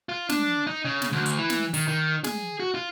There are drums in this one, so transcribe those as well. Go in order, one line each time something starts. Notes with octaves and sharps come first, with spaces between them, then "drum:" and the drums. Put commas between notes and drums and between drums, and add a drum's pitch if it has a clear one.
F4
D4, drum: snare
D#4
C#3
drum: snare
D2
drum: hi-hat
E3
drum: snare
D#3, drum: open hi-hat
D#3
G#4, drum: snare
F#4
F4